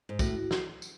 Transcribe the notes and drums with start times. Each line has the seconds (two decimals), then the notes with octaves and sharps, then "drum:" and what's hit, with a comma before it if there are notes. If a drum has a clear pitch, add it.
0.09 G#2
0.19 A2 F#4, drum: kick, tambourine
0.51 drum: snare
0.82 drum: tambourine